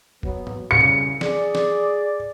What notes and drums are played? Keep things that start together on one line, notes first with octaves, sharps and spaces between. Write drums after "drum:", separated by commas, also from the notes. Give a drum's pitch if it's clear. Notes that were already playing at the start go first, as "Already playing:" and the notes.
F#3 B3, drum: kick F1
drum: tom
C2 C#3 C#7
drum: tom B2
G#4 D5, drum: snare
drum: snare